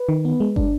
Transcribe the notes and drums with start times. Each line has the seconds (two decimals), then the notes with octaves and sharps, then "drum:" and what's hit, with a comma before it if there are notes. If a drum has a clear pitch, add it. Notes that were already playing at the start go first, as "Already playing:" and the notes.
Already playing: B4
0.09 D#3
0.25 B3
0.40 G#3
0.56 D4, drum: kick